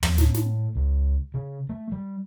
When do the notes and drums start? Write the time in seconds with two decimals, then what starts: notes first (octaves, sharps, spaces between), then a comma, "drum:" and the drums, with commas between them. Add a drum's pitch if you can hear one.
0.03 F2, drum: tom
0.18 A2, drum: snare
0.34 drum: snare
0.75 C#2
1.34 C#3
1.69 A3
1.92 G3